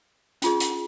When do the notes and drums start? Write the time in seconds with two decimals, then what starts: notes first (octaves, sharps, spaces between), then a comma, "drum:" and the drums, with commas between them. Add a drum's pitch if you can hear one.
0.42 C#4 F4 G#4, drum: hi-hat
0.60 drum: hi-hat